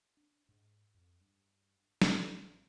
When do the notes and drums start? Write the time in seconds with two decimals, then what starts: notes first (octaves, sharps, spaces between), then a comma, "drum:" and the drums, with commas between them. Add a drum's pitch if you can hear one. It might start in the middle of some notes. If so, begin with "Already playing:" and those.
0.17 D4
0.49 G#2
0.94 F2
1.21 G2
2.02 A1, drum: snare